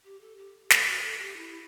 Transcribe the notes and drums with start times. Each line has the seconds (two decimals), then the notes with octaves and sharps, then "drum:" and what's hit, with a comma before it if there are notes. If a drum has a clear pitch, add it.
0.04 G4
0.21 A4
0.37 G4
0.70 A4, drum: snare
0.87 F#4
1.04 A4
1.20 G4
1.37 E4